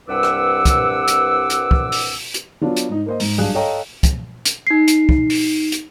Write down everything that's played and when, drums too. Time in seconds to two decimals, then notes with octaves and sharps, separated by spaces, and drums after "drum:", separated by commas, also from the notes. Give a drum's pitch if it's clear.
0.08 C2 G2 B4 F#5 D6 E6
0.23 drum: rim click
0.65 drum: kick, hi-hat
1.08 drum: hi-hat
1.50 drum: hi-hat
1.71 drum: kick
1.92 drum: open hi-hat
2.34 drum: hi-hat
2.61 F#3 B3 D4 F4
2.77 drum: hi-hat
2.89 G#2 D#4
3.06 A#3 C5 D#5
3.20 G#2, drum: open hi-hat
3.38 B1 G2 D4 G#4 F5 F#6
3.55 A4 C#5 D#5 F5 G5 A#5
4.03 drum: kick, hi-hat
4.45 drum: hi-hat
4.67 D#4 C7
4.88 drum: hi-hat
5.09 drum: kick
5.30 drum: open hi-hat
5.72 drum: hi-hat